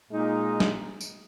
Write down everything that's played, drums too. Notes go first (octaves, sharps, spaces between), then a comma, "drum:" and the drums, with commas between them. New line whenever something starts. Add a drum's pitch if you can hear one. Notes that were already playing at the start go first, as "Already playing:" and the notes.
A#2 G#3 D#4
drum: snare
drum: tambourine